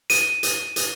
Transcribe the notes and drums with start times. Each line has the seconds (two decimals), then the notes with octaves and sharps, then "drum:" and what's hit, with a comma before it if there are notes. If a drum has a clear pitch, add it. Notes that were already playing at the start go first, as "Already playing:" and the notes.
0.10 D#7, drum: hi-hat
0.43 drum: hi-hat
0.76 drum: hi-hat